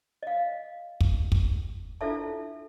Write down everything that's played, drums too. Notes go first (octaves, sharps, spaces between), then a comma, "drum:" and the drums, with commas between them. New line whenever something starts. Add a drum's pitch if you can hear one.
D#5 F5
drum: kick
drum: kick
D4 E4 F4 A4 E5 A5